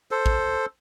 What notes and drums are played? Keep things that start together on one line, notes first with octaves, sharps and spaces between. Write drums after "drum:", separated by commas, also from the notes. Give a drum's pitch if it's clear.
A4 C5
drum: kick A1